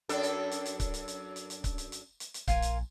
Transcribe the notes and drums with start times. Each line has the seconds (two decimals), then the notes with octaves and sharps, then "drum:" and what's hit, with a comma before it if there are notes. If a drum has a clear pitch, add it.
0.09 F#2 D4 A4, drum: hi-hat
0.23 drum: hi-hat
0.51 drum: hi-hat
0.66 drum: hi-hat
0.80 drum: kick C#1, hi-hat
0.94 drum: hi-hat
1.08 drum: hi-hat
1.36 drum: hi-hat
1.50 drum: hi-hat
1.64 drum: kick C#1, hi-hat
1.78 drum: hi-hat
1.92 drum: hi-hat
2.20 drum: hi-hat
2.34 drum: hi-hat
2.48 A#1 F4 A#4 G#5, drum: kick C#1, hi-hat
2.62 drum: hi-hat